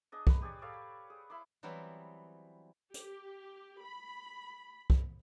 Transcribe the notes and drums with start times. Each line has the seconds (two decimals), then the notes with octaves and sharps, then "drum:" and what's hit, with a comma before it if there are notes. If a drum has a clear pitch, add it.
0.12 D4 G#4 D#5
0.27 B4 A#5, drum: kick
0.42 G4 G#4 C#5 D5
0.62 A4 C#5 D5 F5
1.10 G#4
1.30 E4 B5 C6 D6
1.63 E3 F#3 G3 B3 C4 E4
2.94 G4, drum: hi-hat
3.81 B5
4.90 drum: kick